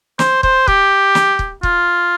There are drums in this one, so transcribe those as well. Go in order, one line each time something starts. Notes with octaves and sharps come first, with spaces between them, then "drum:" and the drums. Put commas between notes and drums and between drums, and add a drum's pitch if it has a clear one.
C5, drum: snare
C5, drum: kick
G4, drum: kick
drum: snare
drum: kick
F4, drum: kick